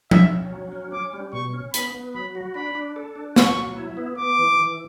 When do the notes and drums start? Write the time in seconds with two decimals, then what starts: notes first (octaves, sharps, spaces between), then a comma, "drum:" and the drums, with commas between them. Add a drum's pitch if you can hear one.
0.11 C#4 E5, drum: tom F3
0.32 C#4
0.52 F#3
0.72 C#4
0.92 C#4 D6
1.13 G3
1.33 B2 C#6
1.53 C#4
1.74 B3 B5, drum: hi-hat
1.95 B3
2.15 F#3 B5
2.35 F#4
2.55 D4 B5
2.75 D4
2.96 A4
3.16 D4
3.36 F#3 C#6, drum: snare
3.56 F#3
3.77 E4
3.97 B3
4.18 B3 D6
4.39 E3
4.59 E3